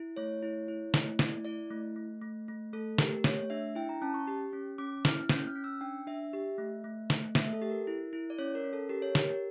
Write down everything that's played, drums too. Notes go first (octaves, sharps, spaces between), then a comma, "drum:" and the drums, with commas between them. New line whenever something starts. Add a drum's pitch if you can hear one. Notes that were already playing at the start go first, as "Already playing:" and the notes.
Already playing: E4
A3 C#5
E4
E4
A3, drum: snare
E4 D5, drum: snare
E4 D5
A3
A3
A3
A3
A3 A4
G4 A#4, drum: snare
A3 C#5, drum: snare
D4 E5
E4 G5
A#5
C#4 A5
C#6
G4
C#4
C#4 D6
E4 F6, drum: snare
C#4 G6, drum: snare
F6
C#4
E6
D4 G5
D4 E5
G4
A3
A3
A3, drum: snare
A3 E5, drum: snare
A4
G4
A#4
E4
E4
D5
C#4 C#5
A#4
C#4
A4
G4 A#4
C#5
G4 A#4, drum: snare
A#4